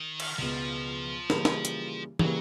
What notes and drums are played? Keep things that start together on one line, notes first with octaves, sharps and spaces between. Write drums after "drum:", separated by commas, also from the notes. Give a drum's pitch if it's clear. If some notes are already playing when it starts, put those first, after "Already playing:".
Already playing: D#3
drum: cymbal
C#2 B2 F3 G#3 B3
C#3 E3 G3 A#3, drum: snare
drum: snare
drum: hi-hat
C#3 E3 F#3 G3 A#3, drum: tom